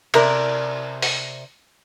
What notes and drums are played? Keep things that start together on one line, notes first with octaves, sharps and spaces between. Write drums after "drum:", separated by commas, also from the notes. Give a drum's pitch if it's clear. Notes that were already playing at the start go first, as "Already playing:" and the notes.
C3 A#4 D5, drum: cymbal
drum: open hi-hat